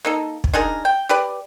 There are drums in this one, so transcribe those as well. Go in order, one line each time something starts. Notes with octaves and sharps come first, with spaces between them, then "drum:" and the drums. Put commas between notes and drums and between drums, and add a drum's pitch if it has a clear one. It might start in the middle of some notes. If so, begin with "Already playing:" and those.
A#3 D#4 A4
drum: kick
D4 D#4 G#4 A#4
G5
G4 B4 D5